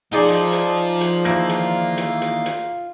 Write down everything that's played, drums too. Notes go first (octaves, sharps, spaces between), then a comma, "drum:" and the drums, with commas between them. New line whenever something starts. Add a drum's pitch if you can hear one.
F3 D#4 F4 G#4 C5 D5
drum: hi-hat
drum: hi-hat
drum: hi-hat
D#3 E3 A#3, drum: hi-hat
drum: hi-hat
drum: hi-hat
drum: hi-hat
drum: hi-hat